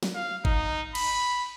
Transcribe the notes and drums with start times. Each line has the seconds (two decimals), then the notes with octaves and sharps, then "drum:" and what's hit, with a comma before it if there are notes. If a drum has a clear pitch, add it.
0.03 drum: snare
0.15 F5
0.45 D#4, drum: kick G1
0.95 B5, drum: cymbal